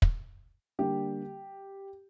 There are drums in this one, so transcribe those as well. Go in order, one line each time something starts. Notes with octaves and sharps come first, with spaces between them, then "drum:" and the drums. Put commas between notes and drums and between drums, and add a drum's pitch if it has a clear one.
drum: kick
D3 G3 A#3 G4